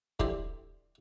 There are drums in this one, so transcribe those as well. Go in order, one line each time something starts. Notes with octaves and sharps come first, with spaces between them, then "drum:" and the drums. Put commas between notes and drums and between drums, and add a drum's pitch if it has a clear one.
D3 E3 G4 C5, drum: kick